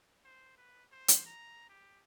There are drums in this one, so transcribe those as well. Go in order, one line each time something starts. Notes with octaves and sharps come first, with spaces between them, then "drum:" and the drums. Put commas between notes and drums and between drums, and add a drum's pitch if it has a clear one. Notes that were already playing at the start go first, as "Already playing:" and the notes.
C5
B4
C5
drum: hi-hat
A#5
G4